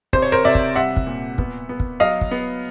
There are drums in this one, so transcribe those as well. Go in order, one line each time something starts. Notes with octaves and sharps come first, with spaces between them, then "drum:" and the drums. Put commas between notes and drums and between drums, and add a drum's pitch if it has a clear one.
C3 C5, drum: kick
C#5
A#4 C5
C3 D5 E5
drum: kick
G3 E5 F#5
drum: kick
A#2
B3, drum: kick
B3
drum: kick
F#3 D#5 F5
drum: kick
B3